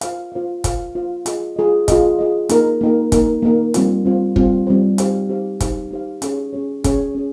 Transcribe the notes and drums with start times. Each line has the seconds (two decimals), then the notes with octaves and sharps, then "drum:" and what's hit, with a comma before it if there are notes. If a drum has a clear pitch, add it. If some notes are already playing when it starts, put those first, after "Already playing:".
0.01 F4 C5 F5, drum: hi-hat
0.32 F4 C5 F5
0.64 F4 C5 F5, drum: kick, hi-hat
0.95 F4 C5 F5
1.26 F4 G#4 D#5, drum: hi-hat
1.56 F4 G#4 D#5
1.88 F4 G#4 D#5, drum: kick, hi-hat
2.19 F4 G#4 D#5
2.49 A#3 D#4 A#4, drum: hi-hat
2.81 A#3 D#4 A#4
3.12 A#3 D#4 A#4, drum: kick, hi-hat
3.42 A#3 D#4 A#4
3.74 G3 C4 F4 C5, drum: hi-hat
4.05 G3 C4 F4 C5
4.36 G3 C4 F4 C5, drum: kick
4.67 G3 C4 F4 C5
4.98 D#4 G4 C5 F5, drum: hi-hat
5.29 D#4 G4 C5 F5
5.60 D#4 G4 C5 F5, drum: kick, hi-hat
5.91 D#4 G4 C5 F5
6.22 C#4 G#4 C#5, drum: hi-hat
6.53 C#4 G#4 C#5
6.84 C#4 G#4 C#5, drum: kick, hi-hat
7.15 C#4 G#4